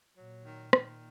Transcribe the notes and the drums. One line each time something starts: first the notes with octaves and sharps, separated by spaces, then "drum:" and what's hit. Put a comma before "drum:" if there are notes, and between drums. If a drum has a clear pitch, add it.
A#2 F#3
D#3
D#3, drum: rim click